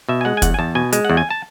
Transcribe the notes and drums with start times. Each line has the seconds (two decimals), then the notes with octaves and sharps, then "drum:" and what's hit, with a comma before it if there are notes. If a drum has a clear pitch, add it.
0.09 B2 E5
0.21 G#5
0.25 G#3 F#5
0.37 G#5
0.42 E2 F#5, drum: kick, hi-hat
0.54 G#5
0.59 E2 A5
0.75 B2 G#5
0.92 G#3, drum: hi-hat
1.05 E2 F#5
1.17 G#5
1.30 A5